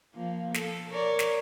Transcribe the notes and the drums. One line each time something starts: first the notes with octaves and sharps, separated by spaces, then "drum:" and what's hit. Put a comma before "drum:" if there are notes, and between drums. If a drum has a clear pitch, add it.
F3 A#3
A4, drum: snare
A#4 C#5 D5
drum: snare